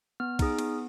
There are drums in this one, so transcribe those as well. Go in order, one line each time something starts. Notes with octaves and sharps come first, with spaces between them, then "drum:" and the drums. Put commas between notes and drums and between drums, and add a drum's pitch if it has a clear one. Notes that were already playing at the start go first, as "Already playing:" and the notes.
B3 F6
D#4 G#4, drum: kick, cymbal
B3, drum: cymbal